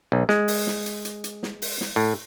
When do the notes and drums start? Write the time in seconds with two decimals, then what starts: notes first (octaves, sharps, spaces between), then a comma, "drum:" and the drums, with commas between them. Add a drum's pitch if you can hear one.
0.12 B1
0.29 G#3, drum: snare
0.48 drum: open hi-hat
0.67 drum: snare
0.86 drum: hi-hat
1.05 drum: hi-hat
1.24 drum: hi-hat
1.43 drum: snare
1.62 drum: open hi-hat
1.81 drum: snare
1.96 A2